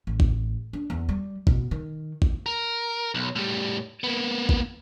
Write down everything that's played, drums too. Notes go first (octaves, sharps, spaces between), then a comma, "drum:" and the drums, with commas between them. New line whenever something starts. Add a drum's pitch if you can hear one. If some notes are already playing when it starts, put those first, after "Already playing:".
A1
drum: kick A1
D4
E2
G3
B2, drum: kick A1
D#3
drum: kick A1
A#4
B1
A2 G3
A#3 B3
drum: kick A1